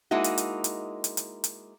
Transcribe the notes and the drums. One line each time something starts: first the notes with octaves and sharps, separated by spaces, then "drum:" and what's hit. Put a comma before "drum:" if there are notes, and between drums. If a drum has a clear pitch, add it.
G#3 A#3 D#4 E4 F#4
drum: hi-hat
drum: hi-hat
drum: hi-hat
drum: hi-hat
drum: hi-hat
drum: hi-hat